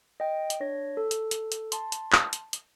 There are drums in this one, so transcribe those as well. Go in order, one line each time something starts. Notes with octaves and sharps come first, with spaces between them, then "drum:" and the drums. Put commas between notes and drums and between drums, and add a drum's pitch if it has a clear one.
D#5 G5
drum: hi-hat
D4 C#5 A#6
A4
drum: hi-hat
drum: hi-hat
drum: hi-hat
A5 C6, drum: hi-hat
drum: hi-hat
drum: clap
drum: hi-hat
drum: hi-hat